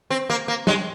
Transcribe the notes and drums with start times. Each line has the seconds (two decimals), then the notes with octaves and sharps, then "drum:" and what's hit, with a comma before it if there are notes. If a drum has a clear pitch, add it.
0.10 C4
0.30 A#3
0.48 A#3
0.67 G#3, drum: snare